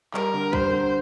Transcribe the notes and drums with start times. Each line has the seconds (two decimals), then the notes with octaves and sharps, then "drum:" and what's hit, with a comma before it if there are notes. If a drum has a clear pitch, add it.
0.14 G3 A#4, drum: clap
0.34 D3
0.53 G3 C5, drum: kick
0.72 D3